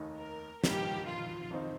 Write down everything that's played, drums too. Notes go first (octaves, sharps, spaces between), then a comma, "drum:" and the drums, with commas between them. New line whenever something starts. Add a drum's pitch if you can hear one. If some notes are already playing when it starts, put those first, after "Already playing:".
Already playing: F1 D#2 D#3 A#3 D#4
A#4
G2 G3 A#3 D#4 G4, drum: snare
F4
F2 D#3 C4 D#4